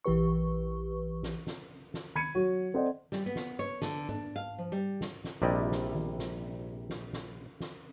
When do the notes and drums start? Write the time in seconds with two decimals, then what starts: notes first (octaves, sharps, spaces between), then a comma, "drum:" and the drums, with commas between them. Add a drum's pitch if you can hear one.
0.04 A#1 E3 G4 B4 C#6
1.23 drum: snare
1.47 drum: snare
1.94 drum: snare
2.16 B5 G#6 C#7 D#7, drum: tom D#3
2.35 F#3 F#4 C#5
2.74 C4 A4 C5 D5 D#5 F#5
3.12 G3, drum: snare
3.26 B3
3.36 drum: snare
3.59 C#5
3.82 D3, drum: snare
4.09 D4, drum: tom G#2
4.36 F5
4.58 F3
4.72 G3
5.01 drum: snare
5.24 drum: snare
5.42 A#1 C3 G3 E4 D5 D#5
5.72 drum: snare
5.95 drum: tom D#3
6.19 drum: snare
6.90 drum: snare
7.13 drum: snare
7.60 drum: snare